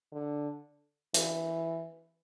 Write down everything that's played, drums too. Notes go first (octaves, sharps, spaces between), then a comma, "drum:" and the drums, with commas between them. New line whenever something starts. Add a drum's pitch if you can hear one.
D3
E3, drum: hi-hat